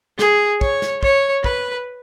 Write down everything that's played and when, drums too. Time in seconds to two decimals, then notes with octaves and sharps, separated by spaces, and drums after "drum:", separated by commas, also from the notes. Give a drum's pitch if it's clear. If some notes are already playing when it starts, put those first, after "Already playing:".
0.19 G#4, drum: snare
0.61 C#5, drum: kick
0.82 drum: snare
1.03 C#5, drum: kick
1.44 B4, drum: kick